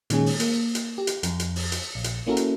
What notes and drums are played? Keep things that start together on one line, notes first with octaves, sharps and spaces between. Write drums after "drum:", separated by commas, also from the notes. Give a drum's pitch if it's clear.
A#2 D#3 G#3 C#4 G#4, drum: hi-hat
drum: open hi-hat
A#3, drum: hi-hat
drum: hi-hat
G4
drum: hi-hat
F2, drum: hi-hat
drum: hi-hat
drum: open hi-hat
drum: hi-hat
A#1 C#7
drum: hi-hat
A#3 C#4 E4 F#4 A4 A#4
drum: hi-hat